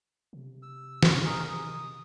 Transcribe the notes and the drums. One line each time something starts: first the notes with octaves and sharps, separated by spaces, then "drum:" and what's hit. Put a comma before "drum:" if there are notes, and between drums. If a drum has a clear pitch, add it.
C3
E6
drum: snare
D#4 G#4 A#4
D#6